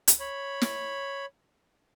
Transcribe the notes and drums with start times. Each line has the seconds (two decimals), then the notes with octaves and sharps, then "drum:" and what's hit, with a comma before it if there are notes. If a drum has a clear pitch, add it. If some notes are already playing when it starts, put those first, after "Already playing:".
0.08 drum: hi-hat
0.20 C#5 B5
0.62 drum: snare